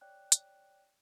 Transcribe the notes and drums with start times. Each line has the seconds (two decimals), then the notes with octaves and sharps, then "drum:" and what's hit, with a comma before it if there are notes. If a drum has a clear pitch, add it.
0.01 C#5 D5 G5 F#6
0.32 drum: hi-hat